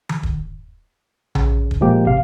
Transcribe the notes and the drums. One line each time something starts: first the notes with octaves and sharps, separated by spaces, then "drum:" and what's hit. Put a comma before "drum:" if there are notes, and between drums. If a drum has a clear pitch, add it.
drum: tom D#3
drum: kick
C#3, drum: tom A#1
drum: kick
A#2 F3 G#3 A#3 G4
G#1 C3 F5